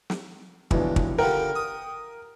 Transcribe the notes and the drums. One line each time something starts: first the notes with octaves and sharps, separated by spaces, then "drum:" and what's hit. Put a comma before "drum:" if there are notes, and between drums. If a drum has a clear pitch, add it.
drum: snare
F1 C#2 B2 E3 D4, drum: kick
drum: kick
D3 F3 G3 A#4 F#5 G5
D#6